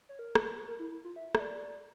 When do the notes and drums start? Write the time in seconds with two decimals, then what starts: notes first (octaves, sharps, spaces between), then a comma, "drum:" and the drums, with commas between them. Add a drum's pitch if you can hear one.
0.09 C#5
0.19 A#4
0.35 drum: rim click
0.67 A#4
0.79 E4
0.91 E4
1.04 F4
1.16 E5
1.35 E5, drum: rim click
1.40 D5